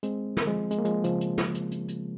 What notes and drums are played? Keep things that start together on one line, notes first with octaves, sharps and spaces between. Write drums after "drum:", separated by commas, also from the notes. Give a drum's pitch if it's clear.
G#3 C4, drum: hi-hat
drum: snare
F3 G#3
G#3, drum: hi-hat
A#3
F3 G#3, drum: hi-hat
C#3 F3, drum: hi-hat
drum: hi-hat
drum: snare
drum: hi-hat
drum: hi-hat
drum: hi-hat